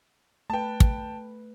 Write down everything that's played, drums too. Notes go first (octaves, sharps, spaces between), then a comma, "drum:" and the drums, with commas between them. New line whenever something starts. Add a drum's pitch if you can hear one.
A3 B4 G5 A5
drum: kick